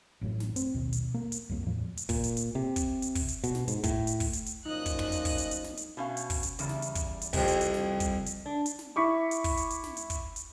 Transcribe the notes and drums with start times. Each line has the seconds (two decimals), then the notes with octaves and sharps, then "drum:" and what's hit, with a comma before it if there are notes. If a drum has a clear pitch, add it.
0.21 A1 F#2 A2
0.40 drum: snare
0.56 C4, drum: hi-hat
0.74 A#1 D#2 B2
0.93 drum: hi-hat
1.14 A#3
1.32 drum: hi-hat
1.49 C2 F2 E3 A#3
1.66 E2 A2 F3
1.97 drum: hi-hat
2.09 A#2, drum: kick, open hi-hat
2.24 drum: hi-hat
2.37 drum: hi-hat
2.55 C3
2.76 drum: kick, hi-hat
3.02 drum: hi-hat
3.15 drum: kick, open hi-hat
3.28 drum: hi-hat
3.44 B2, drum: hi-hat
3.55 drum: snare
3.68 G#2, drum: hi-hat
3.84 A2, drum: kick, hi-hat
4.07 drum: hi-hat
4.20 drum: kick, open hi-hat
4.33 drum: hi-hat
4.46 drum: hi-hat
4.65 F#2 A#2 F3 D#4 D#5 F#6
4.86 drum: kick, hi-hat
4.99 drum: tom
5.12 drum: hi-hat
5.25 drum: kick, open hi-hat
5.38 drum: hi-hat
5.51 drum: hi-hat
5.64 drum: snare
5.77 drum: hi-hat
5.97 B2 C#4 F5
6.17 drum: hi-hat
6.30 drum: kick, open hi-hat
6.43 drum: hi-hat
6.59 E2 C#3 G3, drum: hi-hat
6.69 drum: snare
6.82 drum: hi-hat
6.95 drum: kick, hi-hat
7.21 drum: hi-hat
7.33 C2 F2, drum: kick, open hi-hat
7.48 drum: hi-hat
7.61 drum: hi-hat
7.74 drum: snare
8.00 drum: kick, hi-hat
8.26 drum: hi-hat
8.46 D4
8.66 drum: hi-hat
8.79 drum: snare
8.96 E4 B5 C#6 D6
9.31 drum: hi-hat
9.44 drum: kick, open hi-hat
9.57 drum: hi-hat
9.70 drum: hi-hat
9.84 drum: snare
9.97 drum: hi-hat
10.10 drum: kick, hi-hat
10.36 drum: hi-hat